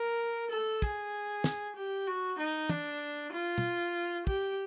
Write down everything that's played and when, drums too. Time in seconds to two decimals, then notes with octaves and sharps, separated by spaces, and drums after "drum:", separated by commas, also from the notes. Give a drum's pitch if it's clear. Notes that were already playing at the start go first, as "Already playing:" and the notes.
Already playing: A#4
0.51 A4
0.82 G#4, drum: kick
1.44 drum: snare
1.76 G4
2.07 F#4
2.39 D#4
2.69 D4, drum: tom
3.32 F4
3.58 drum: tom
4.27 G4, drum: kick